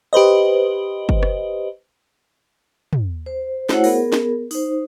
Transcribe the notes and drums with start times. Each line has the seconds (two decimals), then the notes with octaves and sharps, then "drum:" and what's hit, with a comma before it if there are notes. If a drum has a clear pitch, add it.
0.13 G4 B4 C5 D#5
1.09 drum: kick F#1
1.23 drum: rim click
2.93 drum: tom
3.26 C5
3.69 A3 E4 F#4 C5 C#5 F#5, drum: snare
3.84 B3 G#4 A#4, drum: open hi-hat
4.12 drum: snare
4.51 D#4 C5, drum: open hi-hat